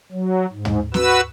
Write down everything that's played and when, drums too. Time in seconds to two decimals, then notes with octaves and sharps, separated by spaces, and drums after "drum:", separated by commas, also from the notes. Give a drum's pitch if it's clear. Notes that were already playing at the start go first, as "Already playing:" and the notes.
0.12 F#3
0.53 G#2
0.65 drum: tom
0.94 F#4 B4 E6, drum: snare